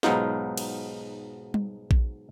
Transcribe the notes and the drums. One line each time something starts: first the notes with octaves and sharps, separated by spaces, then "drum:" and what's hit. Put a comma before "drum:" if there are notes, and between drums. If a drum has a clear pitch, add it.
B1 G#2 F#3 B3 D#4 F4, drum: snare
drum: cymbal
drum: tom G3
drum: kick A#1